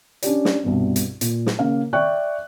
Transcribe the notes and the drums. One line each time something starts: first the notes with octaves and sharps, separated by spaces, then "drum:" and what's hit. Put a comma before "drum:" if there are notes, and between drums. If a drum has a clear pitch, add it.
C#4 D4 G4 D5, drum: hi-hat
drum: snare
C2 G2 B2
drum: hi-hat
A#2, drum: hi-hat
drum: snare
C#3 A#3 F5
D5 E5 G5 C#6 F#6